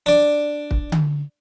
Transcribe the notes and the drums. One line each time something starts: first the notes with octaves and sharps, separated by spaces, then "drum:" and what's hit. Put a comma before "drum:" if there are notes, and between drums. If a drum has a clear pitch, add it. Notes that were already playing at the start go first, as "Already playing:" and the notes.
D4 D5
drum: kick
drum: tom D3